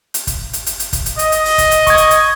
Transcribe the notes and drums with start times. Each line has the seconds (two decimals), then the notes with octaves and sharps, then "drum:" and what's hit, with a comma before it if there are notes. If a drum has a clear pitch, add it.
0.14 drum: hi-hat
0.27 drum: kick G1, hi-hat
0.53 drum: hi-hat
0.66 drum: hi-hat
0.80 drum: hi-hat
0.93 drum: kick G1, hi-hat
1.06 drum: hi-hat
1.19 D#5, drum: hi-hat
1.32 drum: hi-hat
1.45 drum: open hi-hat
1.58 drum: kick G1, hi-hat
1.71 drum: hi-hat
1.87 C#6 G#6, drum: kick G1, hi-hat
1.98 drum: hi-hat
2.11 drum: hi-hat